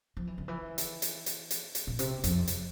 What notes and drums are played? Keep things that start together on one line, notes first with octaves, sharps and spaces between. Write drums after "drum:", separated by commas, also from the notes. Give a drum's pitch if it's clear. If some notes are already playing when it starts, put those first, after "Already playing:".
F3
E3
D3
E3
drum: hi-hat
drum: hi-hat
drum: hi-hat
drum: hi-hat
drum: hi-hat
A#2
C3, drum: hi-hat
F2, drum: hi-hat
drum: hi-hat